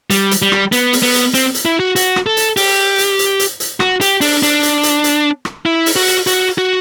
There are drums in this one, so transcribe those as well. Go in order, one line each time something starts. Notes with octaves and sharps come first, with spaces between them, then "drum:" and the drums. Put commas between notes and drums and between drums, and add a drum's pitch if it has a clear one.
G3, drum: hi-hat
drum: hi-hat
G3
drum: rim click
B3, drum: hi-hat
drum: open hi-hat
B3
drum: hi-hat
C4, drum: hi-hat
drum: hi-hat
E4
F#4
F#4, drum: hi-hat
drum: rim click
A4
drum: hi-hat
G4, drum: open hi-hat
drum: hi-hat
drum: hi-hat
drum: hi-hat
drum: hi-hat
F#4, drum: rim click
G4, drum: hi-hat
D4, drum: open hi-hat
D4, drum: hi-hat
drum: hi-hat
drum: hi-hat
drum: hi-hat
drum: rim click
E4
drum: open hi-hat
F#4
drum: hi-hat
F#4, drum: hi-hat
F#4